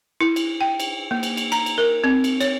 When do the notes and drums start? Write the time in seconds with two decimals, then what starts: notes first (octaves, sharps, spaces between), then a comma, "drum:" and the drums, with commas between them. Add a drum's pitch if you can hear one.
0.21 E4
0.36 drum: cymbal
0.61 G5
0.80 drum: cymbal
1.11 A#3
1.23 drum: cymbal
1.37 drum: cymbal
1.52 A#5, drum: cymbal
1.66 drum: cymbal
1.78 A#4
2.04 C4
2.24 drum: cymbal
2.41 C#5, drum: cymbal